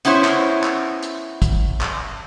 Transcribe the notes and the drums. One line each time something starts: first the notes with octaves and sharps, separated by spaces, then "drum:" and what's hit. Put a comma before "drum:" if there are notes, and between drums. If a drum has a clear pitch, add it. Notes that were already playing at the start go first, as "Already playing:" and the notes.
B3 C#4 E4 C5 C#5
drum: clap
drum: clap
drum: hi-hat
drum: kick, hi-hat
drum: clap